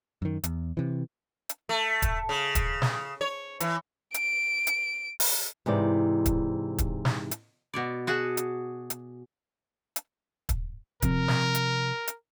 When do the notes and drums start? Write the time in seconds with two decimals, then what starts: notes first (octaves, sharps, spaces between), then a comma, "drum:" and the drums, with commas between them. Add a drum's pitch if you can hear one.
0.22 F#2 D#3
0.44 E2, drum: hi-hat
0.77 C3 E3
1.49 drum: hi-hat
1.69 A3
2.02 drum: kick, hi-hat
2.29 C#3
2.55 drum: kick, hi-hat
2.82 drum: snare
3.21 C#5
3.60 E3, drum: hi-hat
4.14 D7, drum: hi-hat
4.67 drum: hi-hat
5.20 drum: open hi-hat
5.66 G#2 C3 E3 D5
6.26 drum: kick, hi-hat
6.78 drum: kick, hi-hat
7.05 drum: snare
7.31 drum: hi-hat
7.74 B2 C#5 D5
8.07 F#4 G#4 F#5 A5
8.37 drum: hi-hat
8.90 drum: hi-hat
9.96 drum: hi-hat
10.49 drum: kick, hi-hat
11.02 C3 F3 C4 A#4, drum: kick, hi-hat
11.28 drum: snare
11.55 drum: hi-hat
12.08 drum: hi-hat